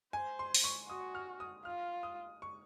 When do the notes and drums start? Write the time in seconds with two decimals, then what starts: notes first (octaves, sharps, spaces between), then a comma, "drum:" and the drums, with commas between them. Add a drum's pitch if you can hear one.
0.13 C5 G#5
0.39 C6
0.55 drum: open hi-hat
0.64 C#6
0.89 F#4 D#6
1.15 F6
1.40 D#6
1.65 F4 F6
2.03 D#6
2.42 C#6